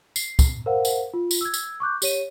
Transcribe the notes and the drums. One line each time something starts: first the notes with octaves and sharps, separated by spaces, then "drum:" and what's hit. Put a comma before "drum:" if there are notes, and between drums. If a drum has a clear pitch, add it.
C7, drum: tambourine
drum: kick, tambourine
A#4 C5 F5 F#5
drum: tambourine
F4
drum: tambourine
E6 G#6
drum: tambourine
C#6 D6 F#6 G6
G4 C#5 D#7, drum: tambourine